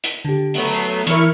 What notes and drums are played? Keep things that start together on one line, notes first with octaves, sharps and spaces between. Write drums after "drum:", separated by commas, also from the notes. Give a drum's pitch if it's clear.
drum: hi-hat
D3 G4
F#3 A3 B3, drum: open hi-hat
C7
E3 E4 A#4 C#6 F6, drum: hi-hat